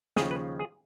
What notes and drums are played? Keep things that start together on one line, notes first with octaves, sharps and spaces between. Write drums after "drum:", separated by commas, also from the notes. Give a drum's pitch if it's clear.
D#2 C#3 F3 G#4, drum: snare
B4
G#4